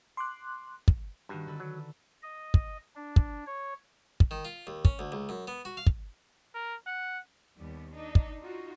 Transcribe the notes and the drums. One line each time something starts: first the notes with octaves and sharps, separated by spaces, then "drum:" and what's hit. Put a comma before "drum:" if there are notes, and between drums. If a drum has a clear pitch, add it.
C6 D6 F#6
drum: kick
G2 D#3 F#4
D3 A4 B4
F#3
D#5
drum: kick
D4
drum: kick
C#5
drum: kick
D#3
F4
D#2
C#4, drum: kick
D2
C#2
F#2
B3
F#4
F5
drum: kick
A#4
F#5
D#2 G3 B3
D4 D#4
drum: kick
D#4 F4 F#4